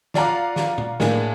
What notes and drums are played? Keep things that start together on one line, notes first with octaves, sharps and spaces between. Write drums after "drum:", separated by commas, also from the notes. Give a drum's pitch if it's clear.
F4 D5 F5 F#5 A#5 D6, drum: snare
drum: snare
drum: tom
A2 A#3 D4 G#4, drum: snare